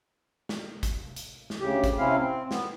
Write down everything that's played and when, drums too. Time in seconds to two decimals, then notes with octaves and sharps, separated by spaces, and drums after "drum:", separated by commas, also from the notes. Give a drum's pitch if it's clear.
0.49 drum: snare
0.83 drum: kick, hi-hat
1.16 drum: hi-hat
1.50 drum: snare
1.60 D2 C#3 G4
1.84 drum: kick, hi-hat
1.98 C3 C4 C#4 E4 F5
2.18 C4
2.51 B3, drum: snare